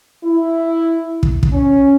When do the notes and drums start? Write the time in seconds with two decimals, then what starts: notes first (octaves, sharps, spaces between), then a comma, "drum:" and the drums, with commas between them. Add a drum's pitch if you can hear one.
0.23 E4
1.23 drum: kick
1.43 drum: kick
1.52 C#4